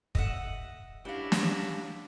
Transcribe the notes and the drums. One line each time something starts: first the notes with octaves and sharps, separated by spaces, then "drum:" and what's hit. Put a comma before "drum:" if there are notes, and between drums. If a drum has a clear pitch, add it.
D#5 E5 F#5, drum: kick
C#4 D4 E4 F#4 G4 F5
drum: snare